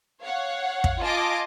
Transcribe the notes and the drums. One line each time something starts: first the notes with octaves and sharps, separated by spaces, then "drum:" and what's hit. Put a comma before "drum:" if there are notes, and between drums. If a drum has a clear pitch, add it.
C#5 F5 F#5
drum: kick
F4 D#5 G#5 A5 D6